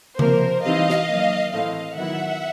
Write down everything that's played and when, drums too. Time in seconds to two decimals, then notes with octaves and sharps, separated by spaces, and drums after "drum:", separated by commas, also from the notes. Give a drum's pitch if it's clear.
0.19 C3 F3 A#3 A#4 C5, drum: tom C#3
0.64 E3 G3 C4 D#4 D#5 F5
0.90 drum: snare
1.07 D#3 F#3 A#3
1.52 A2 E3 A3 C4 E4 D#5 F5
1.96 D#3 F#3 B3 E4 E5 F#5